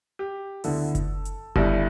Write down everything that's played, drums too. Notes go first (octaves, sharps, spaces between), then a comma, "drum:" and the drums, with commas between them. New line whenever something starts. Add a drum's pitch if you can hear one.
G4
D2 D3 B3 E4 A4, drum: open hi-hat
drum: kick F#1, hi-hat
drum: hi-hat
G1 G2 G3 E4, drum: kick F#1